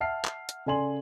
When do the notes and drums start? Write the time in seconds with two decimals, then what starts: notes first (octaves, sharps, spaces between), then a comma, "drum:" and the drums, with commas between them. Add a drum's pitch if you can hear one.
0.01 E5 F#5 A5 F6 C7
0.25 drum: clap
0.49 drum: hi-hat
0.66 C#3 A4 D5 G#5 C6 F#7